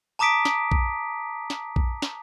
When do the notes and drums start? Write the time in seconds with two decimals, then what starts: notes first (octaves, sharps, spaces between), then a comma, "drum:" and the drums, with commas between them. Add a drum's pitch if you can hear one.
0.19 A5 A#5 D6 D#6 B6 D7
0.45 drum: snare
0.72 drum: kick A#1
1.50 drum: snare
1.76 drum: kick A#1
2.02 drum: snare